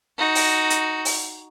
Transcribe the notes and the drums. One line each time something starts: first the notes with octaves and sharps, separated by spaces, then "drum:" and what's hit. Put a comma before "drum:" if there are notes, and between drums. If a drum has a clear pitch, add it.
D#4 F#4
drum: open hi-hat
drum: hi-hat
drum: open hi-hat